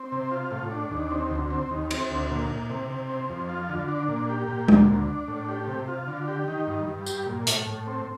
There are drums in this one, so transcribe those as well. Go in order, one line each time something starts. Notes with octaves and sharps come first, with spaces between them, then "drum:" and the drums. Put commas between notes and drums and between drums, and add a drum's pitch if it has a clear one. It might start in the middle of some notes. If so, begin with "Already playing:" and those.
Already playing: C4
C3
F4
A2
D4
D#2
C4
D2
C4
D#2
C4, drum: cymbal
D2
A#2
A#2
C3
C3
C4
F2
F4
D3
D4
A#2
G4
A#2
D2, drum: tom G#3
D2
D4
A2
G4
C3
F4
D3
G4
D#3
G2
G2
G4, drum: tambourine
A#2
A2, drum: hi-hat
A2
C4